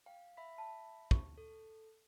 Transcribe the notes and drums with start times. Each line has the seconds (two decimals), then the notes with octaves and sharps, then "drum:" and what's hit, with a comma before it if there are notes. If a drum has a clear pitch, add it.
0.06 F5 G5
0.37 E5 B5 B6
0.58 A5
1.11 C#6, drum: kick
1.37 A4